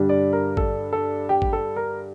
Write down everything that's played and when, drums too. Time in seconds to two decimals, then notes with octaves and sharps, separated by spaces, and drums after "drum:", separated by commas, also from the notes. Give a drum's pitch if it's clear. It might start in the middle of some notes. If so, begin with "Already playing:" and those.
Already playing: G2 D3 G3 D4
0.09 D5
0.33 A#4
0.57 A4, drum: kick G#1
0.93 A4
1.29 G4
1.42 drum: kick G#1
1.53 A4
1.76 A#4